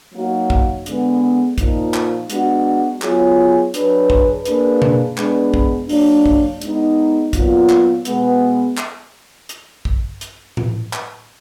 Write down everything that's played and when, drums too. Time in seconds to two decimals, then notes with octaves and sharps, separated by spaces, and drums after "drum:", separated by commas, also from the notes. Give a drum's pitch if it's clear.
0.14 F#3 A#3 D#4 F#4
0.50 drum: kick A#1
0.86 D3 G#3 B3, drum: hi-hat
1.58 A#2 F3 A#3 D#4, drum: kick A#1, hi-hat
1.94 drum: clap
2.30 G#3 B3 D4 F#4, drum: hi-hat
3.02 F#3 B3 F4 G#4, drum: clap
3.74 F#3 D4 G#4 B4, drum: hi-hat
4.10 drum: kick A#1
4.45 A#3 D4 G#4 B4, drum: hi-hat
4.82 drum: tom B2
5.18 G#3 B3 D4 G#4 B4, drum: clap
5.54 drum: kick A#1
5.89 F#3 A#3 D4, drum: open hi-hat
6.26 drum: kick A#1
6.61 G#3 B3 D#4, drum: hi-hat
7.33 A#2 F#3 B3 F4, drum: kick A#1, hi-hat
7.69 drum: clap
8.05 B2 G#3 B3, drum: hi-hat
8.77 drum: clap
9.49 drum: hi-hat
9.85 drum: kick A#1
10.21 drum: hi-hat
10.57 drum: tom A2
10.93 drum: clap